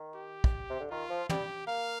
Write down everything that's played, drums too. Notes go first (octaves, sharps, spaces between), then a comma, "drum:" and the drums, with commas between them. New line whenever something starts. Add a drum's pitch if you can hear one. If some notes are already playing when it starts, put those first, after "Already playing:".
Already playing: D#3
G4
drum: kick
C3
D3
D#3 F4
F3
G3 G4, drum: tom
A#3 F5